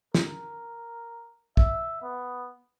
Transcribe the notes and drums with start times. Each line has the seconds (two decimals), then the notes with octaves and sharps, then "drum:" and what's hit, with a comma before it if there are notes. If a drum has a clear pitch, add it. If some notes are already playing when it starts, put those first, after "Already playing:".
0.14 A#4, drum: snare
1.57 E5, drum: kick
2.02 B3